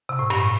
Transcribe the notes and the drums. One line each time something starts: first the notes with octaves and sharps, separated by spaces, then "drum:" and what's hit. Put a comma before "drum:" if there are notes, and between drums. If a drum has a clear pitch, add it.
C3
A2
G2, drum: cymbal
A2